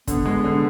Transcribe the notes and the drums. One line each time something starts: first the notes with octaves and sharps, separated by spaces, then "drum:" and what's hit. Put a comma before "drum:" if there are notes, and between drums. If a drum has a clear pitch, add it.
D3 B3, drum: kick, hi-hat
G#3
D3